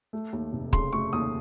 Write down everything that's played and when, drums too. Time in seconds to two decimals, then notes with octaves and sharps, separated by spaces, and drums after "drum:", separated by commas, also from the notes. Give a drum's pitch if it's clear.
0.13 A3
0.33 D#2
0.53 F1
0.73 C#3 C6, drum: kick
0.93 A3 C#6
1.13 D#2 D#6